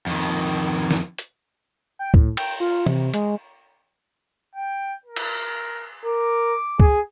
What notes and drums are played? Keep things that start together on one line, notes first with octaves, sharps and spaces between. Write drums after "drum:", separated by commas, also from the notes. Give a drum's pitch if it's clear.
F2 D#3
drum: snare
drum: hi-hat
G5
A2, drum: kick C#2
G5, drum: cymbal
F4
C3, drum: tom E3
G#3, drum: hi-hat
G5
A#4
drum: cymbal
A#4 D6
G#4, drum: kick C#2